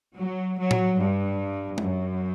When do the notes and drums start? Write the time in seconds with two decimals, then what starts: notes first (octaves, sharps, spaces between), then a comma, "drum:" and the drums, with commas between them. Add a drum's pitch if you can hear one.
0.18 F#3
0.58 F#3
0.71 drum: tom A2
0.97 G2
1.78 F#2, drum: tom